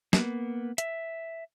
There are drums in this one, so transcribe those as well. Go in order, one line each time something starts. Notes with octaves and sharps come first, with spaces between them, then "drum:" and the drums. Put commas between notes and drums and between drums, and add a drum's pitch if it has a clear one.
A#3 B3, drum: snare
E5, drum: hi-hat